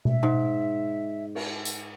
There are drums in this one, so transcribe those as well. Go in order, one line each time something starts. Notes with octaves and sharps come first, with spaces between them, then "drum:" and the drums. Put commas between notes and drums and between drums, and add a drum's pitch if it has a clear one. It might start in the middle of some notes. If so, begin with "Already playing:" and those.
E5, drum: tom B2
G#2
drum: cymbal
drum: tambourine